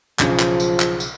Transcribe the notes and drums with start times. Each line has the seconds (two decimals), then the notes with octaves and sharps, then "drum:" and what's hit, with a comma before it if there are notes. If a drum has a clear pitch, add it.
0.19 B1 C#3 F3 G#4, drum: clap
0.40 drum: clap
0.60 drum: tambourine
0.80 drum: clap
1.00 drum: tambourine